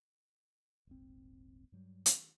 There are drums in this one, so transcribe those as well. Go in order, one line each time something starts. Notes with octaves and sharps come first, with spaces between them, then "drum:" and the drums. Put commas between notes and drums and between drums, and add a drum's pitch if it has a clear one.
D#1 G#1 C4
G2 F#3 G3
drum: hi-hat